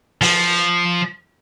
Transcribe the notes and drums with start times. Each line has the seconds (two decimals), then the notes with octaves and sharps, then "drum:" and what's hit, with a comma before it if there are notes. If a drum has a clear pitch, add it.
0.21 F3, drum: open hi-hat